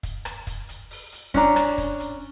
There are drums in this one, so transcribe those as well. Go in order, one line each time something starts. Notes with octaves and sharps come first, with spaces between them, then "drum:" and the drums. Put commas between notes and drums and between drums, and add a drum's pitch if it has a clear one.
drum: kick, hi-hat
drum: rim click
drum: kick, hi-hat
drum: hi-hat
drum: open hi-hat
drum: hi-hat
C#4 D4 A#5, drum: kick
drum: rim click
drum: kick, hi-hat
drum: hi-hat